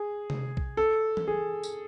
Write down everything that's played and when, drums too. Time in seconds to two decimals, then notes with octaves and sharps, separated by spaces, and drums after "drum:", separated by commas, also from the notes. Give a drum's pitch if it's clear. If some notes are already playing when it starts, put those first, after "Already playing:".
Already playing: G#4
0.30 drum: tom C3
0.57 drum: kick B1
0.77 A4
1.17 drum: tom E3
1.28 G#4
1.63 drum: tambourine